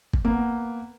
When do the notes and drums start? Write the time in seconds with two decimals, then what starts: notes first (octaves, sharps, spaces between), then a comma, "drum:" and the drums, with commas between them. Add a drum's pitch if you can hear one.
0.13 drum: kick
0.25 A#3 B3